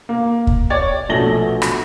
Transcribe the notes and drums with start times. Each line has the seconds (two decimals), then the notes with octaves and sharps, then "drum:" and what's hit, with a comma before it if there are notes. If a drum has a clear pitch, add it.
0.09 A#3
0.47 drum: kick
0.70 C#5 D5 A6
1.09 A#1 B2 A3 A#6 F#7 G7
1.62 drum: rim click